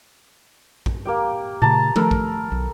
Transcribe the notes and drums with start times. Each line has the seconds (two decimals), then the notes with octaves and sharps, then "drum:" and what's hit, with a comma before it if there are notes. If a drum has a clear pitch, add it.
0.86 drum: kick
1.05 A#3 G4 G5
1.62 A#2 C#3 A3 A5 A#5
1.96 F3 A3 A4 A#4 B5, drum: tom D#3
2.11 drum: kick
2.52 B1